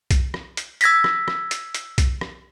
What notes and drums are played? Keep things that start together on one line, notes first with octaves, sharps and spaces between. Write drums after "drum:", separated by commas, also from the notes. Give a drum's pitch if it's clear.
drum: kick B1, hi-hat
drum: rim click
drum: hi-hat
E6 G#6 A#6 B6, drum: hi-hat
drum: rim click
drum: rim click
drum: hi-hat
drum: hi-hat
drum: kick B1, hi-hat
drum: rim click